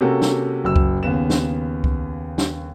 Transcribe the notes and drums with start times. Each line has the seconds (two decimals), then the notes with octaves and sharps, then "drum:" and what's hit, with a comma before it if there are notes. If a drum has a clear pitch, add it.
0.01 C3 A#3 C#4 F#4 A4
0.22 drum: snare
0.64 F#1 F#3 E6
0.76 drum: kick C2
1.03 D#2 C#3 B3 E7
1.30 drum: snare
1.84 drum: kick C2
2.38 drum: snare